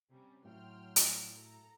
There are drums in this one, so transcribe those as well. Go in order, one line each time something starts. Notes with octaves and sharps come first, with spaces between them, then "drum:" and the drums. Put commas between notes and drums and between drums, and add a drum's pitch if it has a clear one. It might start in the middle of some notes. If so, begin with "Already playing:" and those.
C3 G3 C#4
A2 F#3 F#4 G5 C6 F6
drum: hi-hat
A4 A#5